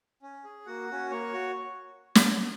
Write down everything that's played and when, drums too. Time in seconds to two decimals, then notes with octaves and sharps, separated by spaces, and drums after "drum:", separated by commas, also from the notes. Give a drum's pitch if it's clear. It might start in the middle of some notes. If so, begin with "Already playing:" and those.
0.23 C#4
0.44 G#4
0.66 A#3 F#4 F#5
0.89 C#4 F#4
1.11 A#3 C#5
1.33 F#4
2.15 drum: snare